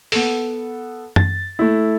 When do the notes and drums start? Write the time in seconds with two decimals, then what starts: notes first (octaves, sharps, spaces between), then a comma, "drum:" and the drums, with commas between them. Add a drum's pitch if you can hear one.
0.12 B3 A4, drum: open hi-hat
1.16 A6, drum: tom F#2
1.59 A3 E4